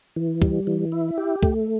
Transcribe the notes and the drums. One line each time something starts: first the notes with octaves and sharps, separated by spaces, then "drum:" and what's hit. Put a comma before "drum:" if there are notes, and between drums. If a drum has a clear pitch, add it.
E3
G3, drum: kick
E3
E4
G4
A3, drum: kick